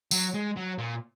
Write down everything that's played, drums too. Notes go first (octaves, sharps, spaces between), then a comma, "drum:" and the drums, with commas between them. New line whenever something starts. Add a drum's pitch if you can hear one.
F#3, drum: tambourine
G#3
F#3
A#2